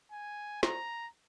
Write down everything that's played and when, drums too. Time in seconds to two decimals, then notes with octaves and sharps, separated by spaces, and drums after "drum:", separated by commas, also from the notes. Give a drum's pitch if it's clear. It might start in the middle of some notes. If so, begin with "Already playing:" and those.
0.11 G#5
0.63 A#5, drum: snare